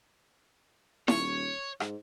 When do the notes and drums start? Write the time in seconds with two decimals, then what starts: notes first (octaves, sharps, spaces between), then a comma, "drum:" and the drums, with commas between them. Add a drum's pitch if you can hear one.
1.08 D#1 C#5, drum: snare E4
1.80 G#2, drum: rim click